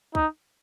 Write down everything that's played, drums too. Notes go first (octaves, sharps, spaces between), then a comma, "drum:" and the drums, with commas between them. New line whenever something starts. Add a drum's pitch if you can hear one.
D#4, drum: kick